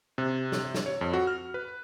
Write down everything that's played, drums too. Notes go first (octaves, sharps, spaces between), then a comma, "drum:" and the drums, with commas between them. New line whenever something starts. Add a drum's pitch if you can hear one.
C3
drum: snare
drum: snare
C#5
F2
F#4
F6
B4